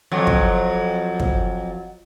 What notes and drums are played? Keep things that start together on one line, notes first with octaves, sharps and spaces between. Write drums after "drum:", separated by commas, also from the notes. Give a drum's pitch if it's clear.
F2 F#3
drum: kick
drum: kick